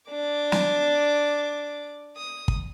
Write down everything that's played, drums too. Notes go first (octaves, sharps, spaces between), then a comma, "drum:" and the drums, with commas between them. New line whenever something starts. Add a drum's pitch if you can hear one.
D4 D6
drum: snare
D#6
drum: kick